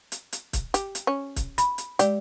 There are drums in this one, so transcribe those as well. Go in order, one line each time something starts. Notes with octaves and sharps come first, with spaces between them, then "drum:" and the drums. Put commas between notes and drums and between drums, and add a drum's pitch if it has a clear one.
drum: hi-hat
drum: hi-hat
drum: kick C#1, hi-hat
G4, drum: hi-hat
drum: hi-hat
C#4
drum: kick C#1, hi-hat
B5, drum: hi-hat
drum: hi-hat
G#3 G4 D5, drum: hi-hat